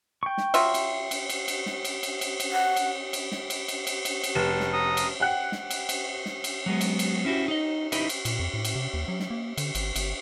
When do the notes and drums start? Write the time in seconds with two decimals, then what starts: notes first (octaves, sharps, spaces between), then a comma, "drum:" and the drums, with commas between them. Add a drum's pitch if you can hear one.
0.23 G5 C#6
0.38 drum: snare
0.54 F#3 F4 E5, drum: cymbal
0.74 drum: cymbal
1.11 drum: cymbal
1.29 drum: cymbal
1.48 drum: cymbal
1.66 drum: snare
1.85 drum: cymbal
2.03 drum: cymbal
2.21 drum: cymbal
2.40 drum: cymbal
2.52 F#5
2.76 drum: cymbal
3.13 drum: cymbal
3.32 drum: snare
3.50 drum: cymbal
3.68 drum: cymbal
3.87 drum: cymbal
4.05 drum: cymbal
4.23 drum: cymbal
4.35 F1 E7
4.60 drum: snare
4.73 A#5 D#6
4.97 drum: cymbal
5.20 F#5 G5 F#6 C#7
5.52 drum: snare
5.71 drum: cymbal
5.89 drum: cymbal
6.26 drum: snare
6.44 drum: cymbal
6.66 F#3 G#3 B3
6.81 drum: cymbal
6.99 drum: cymbal
7.25 C#4 E4 F#4 G4
7.48 D#4 D#5
7.92 D#4 E4 G4 B4 D#5, drum: cymbal
8.09 drum: cymbal
8.25 A#2, drum: cymbal
8.40 F2
8.54 A2
8.65 drum: cymbal
8.75 C3
8.94 D#2
9.08 F#3
9.20 drum: snare
9.30 A#3
9.57 D3, drum: cymbal
9.75 G#1, drum: cymbal
9.96 G1, drum: cymbal